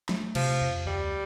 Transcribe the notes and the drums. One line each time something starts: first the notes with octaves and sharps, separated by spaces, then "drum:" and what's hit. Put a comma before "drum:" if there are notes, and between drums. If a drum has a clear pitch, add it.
A3, drum: snare
C3 F3, drum: cymbal
F2
D2 G3